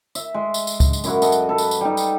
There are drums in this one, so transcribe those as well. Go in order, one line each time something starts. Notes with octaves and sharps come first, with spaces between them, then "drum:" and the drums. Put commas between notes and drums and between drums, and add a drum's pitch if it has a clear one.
E5, drum: tambourine
G#3
drum: tambourine
drum: tambourine
drum: kick C#2, tambourine
drum: tambourine
F#2 E4 F#4, drum: tambourine
A4 D#5, drum: tambourine
drum: tambourine
A4 B4
drum: tambourine
drum: tambourine
G3 D#4
drum: tambourine